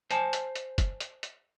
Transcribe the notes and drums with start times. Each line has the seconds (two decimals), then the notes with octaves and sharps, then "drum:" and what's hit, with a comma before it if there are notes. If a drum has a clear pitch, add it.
0.11 C5 G#5 A5, drum: hi-hat
0.33 drum: hi-hat
0.56 drum: hi-hat
0.78 drum: kick F#1, hi-hat
1.00 drum: hi-hat
1.23 drum: hi-hat